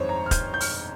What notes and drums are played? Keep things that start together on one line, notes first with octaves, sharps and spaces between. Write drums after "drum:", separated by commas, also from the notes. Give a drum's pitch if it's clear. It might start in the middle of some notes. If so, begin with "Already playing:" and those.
Already playing: G1 F2 D#3 G#3 C5 C#5
A#5
F6
G6, drum: kick, hi-hat
G6
F6, drum: open hi-hat